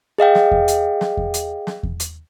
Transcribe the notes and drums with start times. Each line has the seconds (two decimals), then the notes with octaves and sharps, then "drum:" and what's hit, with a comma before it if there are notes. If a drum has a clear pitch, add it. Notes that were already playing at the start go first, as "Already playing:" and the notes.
0.18 G#4 D#5 F5 G5
0.35 drum: snare
0.51 drum: kick E2
0.68 drum: hi-hat
1.01 drum: snare
1.17 drum: kick E2
1.34 drum: hi-hat
1.67 drum: snare
1.83 drum: kick E2
2.00 drum: hi-hat